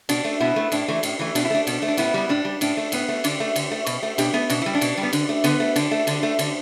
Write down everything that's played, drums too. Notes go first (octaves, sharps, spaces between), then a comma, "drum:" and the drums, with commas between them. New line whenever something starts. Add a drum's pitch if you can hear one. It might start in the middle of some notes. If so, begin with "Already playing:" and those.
B2 D4, drum: cymbal
A3
B2 B3 E4
A3
A2 D4, drum: cymbal
E3 A3
A2, drum: cymbal
E3 A3
B2 D4, drum: cymbal
E4
A3 D4
B2, drum: cymbal
A3
D4
A2 B3 E4, drum: cymbal
G3 B3
A2 D4
G3
A2 D4, drum: cymbal
A3
A2 B3, drum: cymbal
A3
D3 D4, drum: cymbal
A3
D3, drum: cymbal
A3
B2, drum: cymbal
A3
B2 D4 G4, drum: cymbal
A3 B3
B2 D4, drum: cymbal
G3 E4
D4
B2, drum: cymbal
G3
B3
D3 D4, drum: cymbal
A3
D3 B3, drum: cymbal
A3
D3 D4, drum: cymbal
A3
D3 D4, drum: cymbal
A3
D3, drum: cymbal